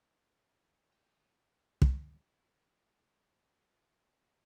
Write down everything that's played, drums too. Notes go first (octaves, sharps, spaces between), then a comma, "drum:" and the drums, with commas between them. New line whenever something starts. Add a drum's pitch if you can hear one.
C#5 G5
drum: kick
E4
D#3
D4
G#3
G#3
G#2
C5
F#3
F4
C5
C#4
A#3